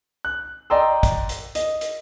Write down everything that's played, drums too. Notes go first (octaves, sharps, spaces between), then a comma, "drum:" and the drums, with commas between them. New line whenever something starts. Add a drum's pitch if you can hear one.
F#6
D5 D#5 G5 A#5 C6 E6
drum: kick, hi-hat
drum: hi-hat
D#5, drum: hi-hat
drum: hi-hat